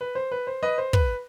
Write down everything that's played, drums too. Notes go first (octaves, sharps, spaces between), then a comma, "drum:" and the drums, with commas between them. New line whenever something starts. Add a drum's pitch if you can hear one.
B4
C5
B4
C5
B4 D#5
C5
B4, drum: kick